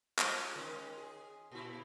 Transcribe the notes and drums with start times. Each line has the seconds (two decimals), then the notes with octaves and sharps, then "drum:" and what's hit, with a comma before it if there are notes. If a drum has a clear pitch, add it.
0.19 F3, drum: clap
0.55 D#3 G#3 C#4
0.98 G#4
1.51 A#2 E4